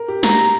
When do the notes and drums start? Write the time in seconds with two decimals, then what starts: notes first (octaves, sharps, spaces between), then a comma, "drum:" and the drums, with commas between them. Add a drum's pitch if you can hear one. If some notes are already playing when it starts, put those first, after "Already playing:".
Already playing: A#4
0.08 G4
0.23 G4 A#5, drum: snare
0.38 drum: tambourine